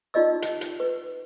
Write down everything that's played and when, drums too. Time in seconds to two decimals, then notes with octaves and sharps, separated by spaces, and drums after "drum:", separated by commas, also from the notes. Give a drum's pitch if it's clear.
0.14 D#4 F4 D5 D#5 E6
0.42 drum: hi-hat
0.61 drum: hi-hat
0.80 B4